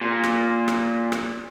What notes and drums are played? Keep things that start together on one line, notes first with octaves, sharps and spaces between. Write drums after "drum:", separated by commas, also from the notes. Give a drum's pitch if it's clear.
A#2
drum: rim click
drum: rim click
drum: rim click